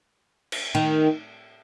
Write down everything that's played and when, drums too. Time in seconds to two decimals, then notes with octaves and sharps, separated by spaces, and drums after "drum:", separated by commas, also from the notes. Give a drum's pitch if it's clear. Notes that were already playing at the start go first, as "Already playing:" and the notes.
0.52 drum: cymbal
0.75 D#3